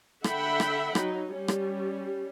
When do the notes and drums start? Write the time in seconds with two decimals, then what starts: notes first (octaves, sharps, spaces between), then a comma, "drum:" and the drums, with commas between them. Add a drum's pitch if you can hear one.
0.24 D3 E5 F#5 G5 B5, drum: rim click
0.60 drum: rim click
0.95 F#3 D#4, drum: rim click
1.34 G3 C#4
1.48 drum: rim click